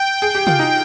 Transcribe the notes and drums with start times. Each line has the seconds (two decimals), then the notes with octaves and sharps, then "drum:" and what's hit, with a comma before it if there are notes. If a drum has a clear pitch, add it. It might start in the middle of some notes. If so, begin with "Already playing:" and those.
Already playing: G5
0.22 G#4
0.35 G4
0.47 F4, drum: tom
0.59 D#4